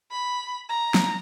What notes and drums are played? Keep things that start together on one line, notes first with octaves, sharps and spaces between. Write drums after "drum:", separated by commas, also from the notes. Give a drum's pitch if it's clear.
B5
A#5
drum: snare